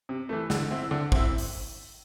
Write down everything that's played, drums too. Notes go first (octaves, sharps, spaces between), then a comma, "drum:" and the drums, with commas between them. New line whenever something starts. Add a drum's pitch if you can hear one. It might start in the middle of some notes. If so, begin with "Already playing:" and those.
C3
E3 A3
D3, drum: snare
C4 E4
D3
C4 E4, drum: kick
drum: open hi-hat